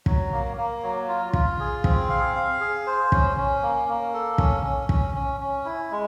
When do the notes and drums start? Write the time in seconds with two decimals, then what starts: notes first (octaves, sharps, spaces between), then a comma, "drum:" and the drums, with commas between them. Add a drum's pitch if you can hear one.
0.06 F#3, drum: kick
0.32 A#3
0.57 A#3
0.83 F#3
1.08 F4
1.33 F4, drum: kick
1.60 G#4
1.84 C4, drum: kick
2.10 F5
2.35 F5
2.61 G#4
2.87 C5
3.12 C#4, drum: kick
3.37 C#4
3.63 A#3
3.88 A#3
4.14 A4
4.38 C#4, drum: kick
4.64 C#4
4.89 C#4, drum: kick
5.15 C#4
5.40 C#4
5.65 E4
5.91 G#3